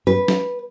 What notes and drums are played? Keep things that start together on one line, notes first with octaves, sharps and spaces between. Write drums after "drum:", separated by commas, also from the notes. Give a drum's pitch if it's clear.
B4
drum: snare